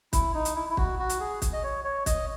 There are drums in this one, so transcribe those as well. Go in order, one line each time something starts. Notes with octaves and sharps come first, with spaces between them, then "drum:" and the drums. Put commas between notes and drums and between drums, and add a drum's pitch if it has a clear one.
E4, drum: kick, hi-hat
D#4
drum: hi-hat
E4
E4
F#4, drum: kick
F#4
drum: hi-hat
G#4
drum: kick, hi-hat
D#5
C#5
C#5
D#5, drum: kick, hi-hat